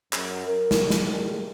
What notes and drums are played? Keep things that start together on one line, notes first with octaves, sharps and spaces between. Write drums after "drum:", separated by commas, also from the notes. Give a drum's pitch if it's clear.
F#2, drum: clap
A#4
drum: snare
drum: snare
A2 D#3 G3 G#3 A#3